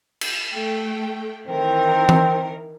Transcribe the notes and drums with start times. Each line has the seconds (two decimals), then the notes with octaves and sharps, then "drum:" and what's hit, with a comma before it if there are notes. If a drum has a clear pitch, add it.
0.21 drum: cymbal
0.53 A3 G5
1.48 D#3 E3 C4 A#4
2.09 drum: tom E3